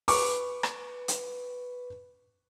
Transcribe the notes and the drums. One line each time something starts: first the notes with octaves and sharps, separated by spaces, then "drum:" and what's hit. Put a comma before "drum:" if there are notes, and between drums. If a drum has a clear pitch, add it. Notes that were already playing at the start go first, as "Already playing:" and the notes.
B4 C#6 D6, drum: open hi-hat
drum: rim click
drum: hi-hat